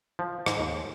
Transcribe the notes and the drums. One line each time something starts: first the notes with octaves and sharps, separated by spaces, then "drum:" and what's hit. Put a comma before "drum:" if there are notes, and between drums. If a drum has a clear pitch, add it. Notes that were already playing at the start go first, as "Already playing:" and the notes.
F3
G#2, drum: rim click
D#2